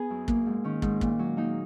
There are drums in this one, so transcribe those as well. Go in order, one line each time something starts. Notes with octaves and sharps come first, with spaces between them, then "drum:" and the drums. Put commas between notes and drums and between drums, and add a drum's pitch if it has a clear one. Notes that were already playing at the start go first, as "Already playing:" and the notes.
Already playing: B3 G#4
F#2
A#3, drum: kick
G#2
D#3 C#4
G#2, drum: kick
A#2, drum: kick
F#3
A#3 D#4